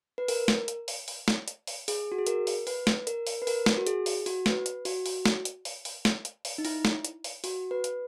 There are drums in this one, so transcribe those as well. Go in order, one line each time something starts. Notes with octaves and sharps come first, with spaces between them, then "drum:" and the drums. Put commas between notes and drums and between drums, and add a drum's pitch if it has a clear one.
B4
A#4, drum: open hi-hat
drum: snare
drum: hi-hat
drum: open hi-hat
drum: open hi-hat
drum: snare
drum: hi-hat
drum: open hi-hat
G#4, drum: open hi-hat
F#4
G#4
A#4, drum: hi-hat
drum: open hi-hat
B4, drum: open hi-hat
drum: snare
A#4, drum: hi-hat
drum: open hi-hat
B4
A#4, drum: open hi-hat
drum: snare
F#4
G#4, drum: hi-hat
drum: open hi-hat
F#4, drum: open hi-hat
B4, drum: snare
drum: hi-hat
F#4, drum: open hi-hat
drum: open hi-hat
drum: snare
drum: hi-hat
drum: open hi-hat
drum: open hi-hat
drum: snare
drum: hi-hat
drum: open hi-hat
D#4
E4, drum: open hi-hat
drum: snare
drum: hi-hat
drum: open hi-hat
F#4, drum: open hi-hat
B4
drum: hi-hat